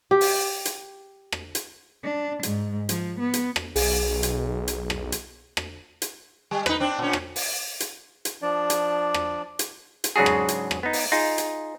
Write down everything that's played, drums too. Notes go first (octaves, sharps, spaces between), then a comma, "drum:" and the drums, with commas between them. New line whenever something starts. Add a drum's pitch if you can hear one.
G4
drum: open hi-hat
drum: hi-hat
drum: rim click
drum: hi-hat
D4
G#2, drum: hi-hat
F3, drum: hi-hat
B3
drum: hi-hat
drum: rim click
B1 G#4, drum: open hi-hat
drum: hi-hat
drum: hi-hat
drum: rim click
drum: hi-hat
drum: rim click
drum: hi-hat
G3
D#4 B4, drum: rim click
C4 D4
A#2 C#4
drum: rim click
drum: open hi-hat
drum: hi-hat
drum: hi-hat
F3 D4 D5
drum: hi-hat
drum: rim click
drum: hi-hat
drum: hi-hat
G#2 C#3 F#3 D4 F#4 G#4
drum: rim click
drum: hi-hat
drum: rim click
B3 D#4
drum: open hi-hat
D#4 F4 G#4
drum: hi-hat